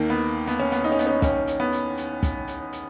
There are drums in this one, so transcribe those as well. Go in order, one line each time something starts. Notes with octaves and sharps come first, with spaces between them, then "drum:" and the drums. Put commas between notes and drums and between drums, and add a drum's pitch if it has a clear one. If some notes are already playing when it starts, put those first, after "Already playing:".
Already playing: D#2 D#3 A#3
B3
B3, drum: hi-hat
C#4
B3, drum: hi-hat
D#4
C#4
B3, drum: hi-hat
C#4
D#2 D#3 C#4, drum: kick, hi-hat
drum: hi-hat
B3
drum: hi-hat
drum: hi-hat
drum: kick, hi-hat
drum: hi-hat
drum: hi-hat